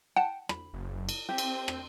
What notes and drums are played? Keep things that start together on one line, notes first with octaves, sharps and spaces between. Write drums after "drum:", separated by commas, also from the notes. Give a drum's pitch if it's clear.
F#5 G5 A5
B5, drum: rim click
F#1
drum: cymbal
C4 G4
drum: cymbal
drum: rim click